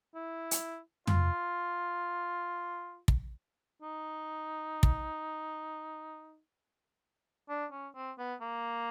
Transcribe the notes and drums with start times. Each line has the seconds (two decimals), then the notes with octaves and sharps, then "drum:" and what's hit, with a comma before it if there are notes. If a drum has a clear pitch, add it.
0.15 E4
0.51 drum: hi-hat
1.07 F4, drum: tom
3.08 drum: kick
3.82 D#4
4.83 drum: kick
7.50 D4
7.72 C#4
7.95 C4
8.18 B3
8.41 A#3